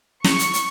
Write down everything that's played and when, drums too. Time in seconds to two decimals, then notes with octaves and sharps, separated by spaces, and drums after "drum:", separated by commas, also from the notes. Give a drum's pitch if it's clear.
0.24 C#6, drum: snare
0.39 drum: hi-hat
0.53 drum: hi-hat